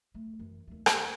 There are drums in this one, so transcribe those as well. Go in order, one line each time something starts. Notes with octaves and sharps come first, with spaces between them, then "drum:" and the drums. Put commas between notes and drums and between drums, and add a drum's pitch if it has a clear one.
A3
F#2 E3
D#2 A3
drum: rim click